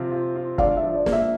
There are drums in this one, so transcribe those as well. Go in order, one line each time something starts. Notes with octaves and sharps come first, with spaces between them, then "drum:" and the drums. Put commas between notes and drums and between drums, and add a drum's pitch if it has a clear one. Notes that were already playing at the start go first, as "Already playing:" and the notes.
Already playing: C3 F3 C4 F4
F4
F4
D4 D5 F5, drum: kick
E5
F3
D5
A#3, drum: snare
E5